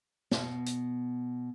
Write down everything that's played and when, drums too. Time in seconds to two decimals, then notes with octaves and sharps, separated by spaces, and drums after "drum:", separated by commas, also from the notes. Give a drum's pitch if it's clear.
0.31 B2, drum: snare
0.66 drum: hi-hat